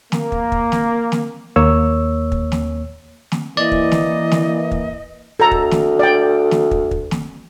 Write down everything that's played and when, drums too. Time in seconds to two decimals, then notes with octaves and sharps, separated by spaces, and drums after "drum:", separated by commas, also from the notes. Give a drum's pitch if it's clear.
0.12 A#3, drum: snare
0.32 drum: kick
0.52 drum: kick
0.72 drum: snare
1.12 drum: snare
1.56 D#2 A#3 C#5 E6
2.32 drum: kick
2.52 drum: snare
3.32 drum: snare
3.57 E3 A#3 D5 D#5
3.72 drum: kick
3.92 drum: snare
4.32 drum: snare
4.71 drum: kick
5.40 D2 A4 A#5
5.51 drum: kick
5.71 drum: snare
5.99 D5 G5
6.51 drum: snare
6.71 drum: kick
6.91 drum: kick
7.11 drum: snare